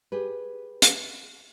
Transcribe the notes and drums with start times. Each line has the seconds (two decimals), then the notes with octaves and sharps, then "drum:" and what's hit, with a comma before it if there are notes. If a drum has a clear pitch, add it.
0.12 G4 G#4 B4
0.82 drum: hi-hat